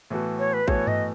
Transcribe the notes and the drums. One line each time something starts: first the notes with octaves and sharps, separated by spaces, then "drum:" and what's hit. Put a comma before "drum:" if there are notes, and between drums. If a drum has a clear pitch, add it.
A2 E3 B3 F#4 A4
C#5
B4
A2 E3 B3 F#4 A4 C#5, drum: kick A1
D#5, drum: tom G2